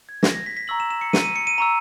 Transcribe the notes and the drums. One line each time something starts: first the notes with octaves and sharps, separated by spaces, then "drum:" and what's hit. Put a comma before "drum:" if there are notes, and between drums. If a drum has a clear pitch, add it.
G#6
A#6, drum: snare
A#6
B6
B6
A#5 C#6 E6 F#7
E7
E7
C#7
D#7, drum: snare
D#7
C#7
D#7
A#5 C#6 E6